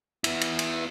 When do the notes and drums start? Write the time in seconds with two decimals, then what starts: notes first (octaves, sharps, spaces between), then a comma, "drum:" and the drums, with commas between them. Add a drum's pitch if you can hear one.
0.24 B3 E4, drum: cymbal
0.41 drum: cymbal
0.59 drum: cymbal